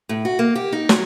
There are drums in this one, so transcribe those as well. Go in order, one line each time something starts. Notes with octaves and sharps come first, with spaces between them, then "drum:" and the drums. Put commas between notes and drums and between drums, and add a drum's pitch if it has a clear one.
A2
F#4
A#3
G4
D#4
F#3, drum: snare